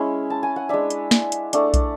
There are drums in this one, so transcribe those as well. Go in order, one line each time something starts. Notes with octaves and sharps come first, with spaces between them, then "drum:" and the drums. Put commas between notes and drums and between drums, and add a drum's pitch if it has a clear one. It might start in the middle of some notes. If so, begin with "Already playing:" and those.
Already playing: G#3 C#4 E4
A5
G#5
F#5
G#3 D4 E5
drum: hi-hat
drum: snare
drum: hi-hat
A3 D4 F#5, drum: hi-hat
drum: kick, hi-hat